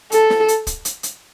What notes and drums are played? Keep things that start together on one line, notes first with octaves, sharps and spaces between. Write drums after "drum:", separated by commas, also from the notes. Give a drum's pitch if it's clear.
A4, drum: hi-hat
drum: snare
drum: hi-hat
drum: kick, hi-hat
drum: hi-hat
drum: hi-hat